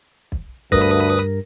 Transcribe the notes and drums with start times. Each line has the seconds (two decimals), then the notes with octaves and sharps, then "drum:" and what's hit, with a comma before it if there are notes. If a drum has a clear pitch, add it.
0.32 drum: kick
0.72 D2 G2 A#4 B4 D#6 A#6, drum: kick